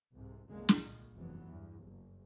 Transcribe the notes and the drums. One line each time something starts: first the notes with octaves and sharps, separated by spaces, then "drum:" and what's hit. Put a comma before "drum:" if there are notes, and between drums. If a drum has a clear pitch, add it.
C2 G#2 C3
C2 F#2 D3 G#3 A#3
drum: snare
A#2
F1 G2 E3 F#3 B3
E2 G2
F#1